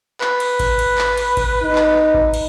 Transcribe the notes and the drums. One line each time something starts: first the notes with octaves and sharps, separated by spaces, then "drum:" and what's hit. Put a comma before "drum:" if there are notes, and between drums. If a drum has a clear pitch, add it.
B4, drum: clap
drum: cymbal
drum: kick A1, cymbal
drum: cymbal
drum: clap
drum: cymbal
drum: kick A1, cymbal
D#4
drum: clap
drum: kick A1
drum: cymbal